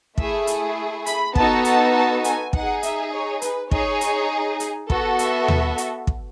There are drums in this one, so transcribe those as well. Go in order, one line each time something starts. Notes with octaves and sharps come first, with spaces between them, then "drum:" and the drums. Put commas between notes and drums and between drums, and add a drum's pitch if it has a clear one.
A3 E4 G#4 E5, drum: kick
drum: hi-hat
B5, drum: hi-hat
B3 D#4 F#4 A4 A5, drum: kick
A5, drum: hi-hat
A5
G#5, drum: hi-hat
D#4 G#4 F#5, drum: kick
E5, drum: hi-hat
C#5
B4, drum: hi-hat
D#4 G#4 C#5, drum: kick
drum: hi-hat
drum: hi-hat
B3 F#4 A4, drum: kick
E5, drum: hi-hat
drum: tom D#2
drum: hi-hat
drum: kick